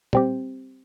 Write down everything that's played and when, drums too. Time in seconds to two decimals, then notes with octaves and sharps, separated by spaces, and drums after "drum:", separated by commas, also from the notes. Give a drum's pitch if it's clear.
0.13 G3 C4 G4, drum: tom